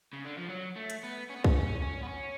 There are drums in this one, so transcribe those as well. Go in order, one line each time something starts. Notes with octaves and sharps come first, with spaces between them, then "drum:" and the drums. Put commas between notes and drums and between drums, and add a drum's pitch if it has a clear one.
C#3
D3
F3
F#3
A3
drum: hi-hat
B3
C#4
B3
C#4, drum: kick
C#4
C#4
B3
C#4